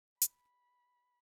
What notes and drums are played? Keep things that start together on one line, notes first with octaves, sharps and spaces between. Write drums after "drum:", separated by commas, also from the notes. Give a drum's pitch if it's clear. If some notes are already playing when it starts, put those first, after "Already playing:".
B5, drum: hi-hat